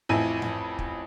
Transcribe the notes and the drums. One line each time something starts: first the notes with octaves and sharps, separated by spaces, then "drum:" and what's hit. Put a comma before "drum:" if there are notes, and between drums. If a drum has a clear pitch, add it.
A1 F2 E4 G#5 D#7
drum: tom G#2
drum: kick